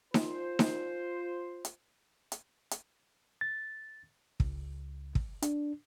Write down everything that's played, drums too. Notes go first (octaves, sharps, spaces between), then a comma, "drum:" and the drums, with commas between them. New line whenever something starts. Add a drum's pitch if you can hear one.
F4 C5, drum: snare D#4
drum: snare D#4
drum: hi-hat
drum: hi-hat
drum: hi-hat
A6
C#2, drum: kick
drum: kick
D4, drum: hi-hat